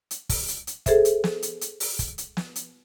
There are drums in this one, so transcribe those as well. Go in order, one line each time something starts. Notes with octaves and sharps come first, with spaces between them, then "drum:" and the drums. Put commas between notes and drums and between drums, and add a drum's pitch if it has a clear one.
drum: hi-hat
drum: kick, open hi-hat
drum: hi-hat
drum: hi-hat
G#4 A4 C5 E5, drum: kick, hi-hat
drum: hi-hat
drum: snare
drum: hi-hat
drum: hi-hat
drum: open hi-hat
drum: kick, hi-hat
drum: hi-hat
drum: snare
drum: hi-hat